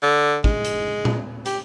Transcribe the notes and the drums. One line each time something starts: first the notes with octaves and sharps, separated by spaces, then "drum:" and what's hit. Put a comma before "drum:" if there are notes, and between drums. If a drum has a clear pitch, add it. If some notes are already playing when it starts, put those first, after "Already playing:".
D3
G#3, drum: kick
drum: hi-hat
drum: tom A#2
G4, drum: hi-hat